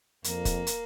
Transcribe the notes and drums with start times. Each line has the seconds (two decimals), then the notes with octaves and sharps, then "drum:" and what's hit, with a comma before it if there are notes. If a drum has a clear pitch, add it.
0.24 F2 A#3, drum: hi-hat
0.45 drum: kick, hi-hat
0.67 drum: hi-hat